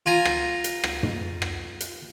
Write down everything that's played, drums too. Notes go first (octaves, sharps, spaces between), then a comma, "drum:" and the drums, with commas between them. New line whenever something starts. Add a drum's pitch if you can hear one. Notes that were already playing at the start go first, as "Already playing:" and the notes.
F4 G#5 A#5
drum: rim click
drum: hi-hat
drum: rim click
drum: tom
drum: rim click
drum: hi-hat